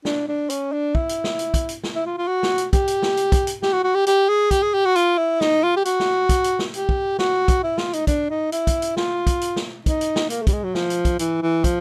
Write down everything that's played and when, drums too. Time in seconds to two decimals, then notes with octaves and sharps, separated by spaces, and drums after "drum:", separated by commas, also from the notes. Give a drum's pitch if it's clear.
0.05 D4, drum: snare
0.28 D4
0.50 C#4, drum: hi-hat
0.72 D4
0.95 E4, drum: kick
1.09 drum: hi-hat
1.24 drum: snare
1.39 drum: hi-hat
1.54 drum: kick, hi-hat
1.69 drum: hi-hat
1.84 drum: snare
1.95 E4
2.06 F4
2.17 F4
2.28 F#4
2.43 drum: snare
2.58 drum: hi-hat
2.73 G4, drum: kick, hi-hat
2.88 drum: hi-hat
3.02 drum: snare
3.17 drum: hi-hat
3.32 drum: kick, hi-hat
3.47 drum: hi-hat
3.62 G4, drum: snare
3.73 F#4
3.84 F#4
3.95 G4
4.07 G4, drum: hi-hat
4.29 G#4
4.51 G4, drum: kick, hi-hat
4.62 G#4
4.74 G4
4.85 F#4
4.96 F4, drum: hi-hat
5.18 E4
5.41 D#4, drum: snare
5.63 F4
5.76 G4
5.85 F#4, drum: hi-hat
6.00 drum: snare
6.29 drum: kick, hi-hat
6.44 drum: hi-hat
6.59 drum: snare
6.74 G4, drum: hi-hat
6.89 drum: kick
7.19 F#4, drum: snare
7.48 drum: kick, hi-hat
7.63 E4
7.78 F4, drum: snare
7.93 D#4, drum: hi-hat
8.07 D4, drum: kick, hi-hat
8.30 D#4
8.52 E4, drum: hi-hat
8.67 drum: kick, hi-hat
8.82 drum: hi-hat
8.97 F4, drum: snare
9.27 drum: kick, hi-hat
9.41 drum: hi-hat
9.56 drum: snare
9.86 D#4, drum: kick, hi-hat
10.01 drum: hi-hat
10.16 drum: snare
10.30 A#3, drum: hi-hat
10.42 A3
10.47 G3, drum: kick, hi-hat
10.53 G#3
10.64 F#3
10.75 F3, drum: snare
10.90 drum: hi-hat
11.05 drum: kick, hi-hat
11.19 E3, drum: hi-hat
11.42 E3
11.64 F3, drum: kick, hi-hat